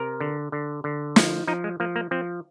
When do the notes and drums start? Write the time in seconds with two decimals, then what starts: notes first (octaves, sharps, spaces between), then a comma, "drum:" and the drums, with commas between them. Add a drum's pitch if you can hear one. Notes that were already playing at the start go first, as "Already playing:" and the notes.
Already playing: C3 A#4
0.20 D3
0.52 D3
0.84 D3
1.16 F3, drum: snare
1.47 F3 D#4
1.64 G#3
1.80 F3 A#3
1.96 A#3
2.11 F3 C4